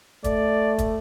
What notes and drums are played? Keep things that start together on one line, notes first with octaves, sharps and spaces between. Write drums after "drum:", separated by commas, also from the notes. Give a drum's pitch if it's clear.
A3 D5, drum: kick, hi-hat
drum: kick, hi-hat